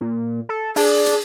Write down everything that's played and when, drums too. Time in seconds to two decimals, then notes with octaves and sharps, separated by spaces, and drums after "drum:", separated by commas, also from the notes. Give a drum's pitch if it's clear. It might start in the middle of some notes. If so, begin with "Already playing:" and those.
0.01 A#2
0.49 A4
0.76 D4 G#4, drum: open hi-hat
1.06 drum: hi-hat